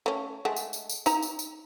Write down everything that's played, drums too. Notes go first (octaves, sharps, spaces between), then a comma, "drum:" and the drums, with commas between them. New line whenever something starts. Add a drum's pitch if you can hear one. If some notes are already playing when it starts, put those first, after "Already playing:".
A3 C#4
G#3 A3 F#5
drum: tambourine
drum: tambourine
drum: tambourine
D#4 A#5, drum: tambourine
drum: tambourine
drum: tambourine